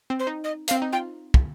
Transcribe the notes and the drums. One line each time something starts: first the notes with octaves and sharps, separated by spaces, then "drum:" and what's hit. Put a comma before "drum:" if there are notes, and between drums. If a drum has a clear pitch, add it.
C4
C5
D#4
D#5
F5, drum: hi-hat
C4
D#4
F4 G5
drum: kick